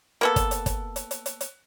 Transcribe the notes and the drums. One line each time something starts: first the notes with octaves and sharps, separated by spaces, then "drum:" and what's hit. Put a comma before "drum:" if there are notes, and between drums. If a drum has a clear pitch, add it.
A#3 B3 A4
drum: kick, hi-hat
drum: hi-hat
drum: kick, hi-hat
drum: hi-hat
drum: hi-hat
drum: hi-hat
drum: hi-hat